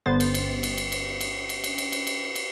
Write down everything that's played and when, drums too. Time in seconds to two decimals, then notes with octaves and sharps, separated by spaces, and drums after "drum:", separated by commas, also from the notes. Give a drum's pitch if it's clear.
0.06 G1 G2 D3 B3 C5 A6
0.20 drum: cymbal
0.34 drum: cymbal
0.63 drum: cymbal
0.77 drum: cymbal
0.92 drum: cymbal
1.21 drum: cymbal
1.49 drum: cymbal
1.64 drum: cymbal
1.78 drum: cymbal
1.92 drum: cymbal
2.07 drum: cymbal
2.35 drum: cymbal